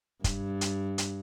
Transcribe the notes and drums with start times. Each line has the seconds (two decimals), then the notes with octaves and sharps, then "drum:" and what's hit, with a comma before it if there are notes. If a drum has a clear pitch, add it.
0.24 G2, drum: kick, hi-hat
0.61 drum: hi-hat
0.98 drum: hi-hat